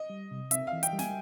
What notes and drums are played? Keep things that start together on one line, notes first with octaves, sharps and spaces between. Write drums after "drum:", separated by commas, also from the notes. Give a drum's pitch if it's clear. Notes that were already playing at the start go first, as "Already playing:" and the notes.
Already playing: D#5
G3
C3
C4 E5, drum: hi-hat
F5
E3
G5, drum: hi-hat
G3
G#5, drum: snare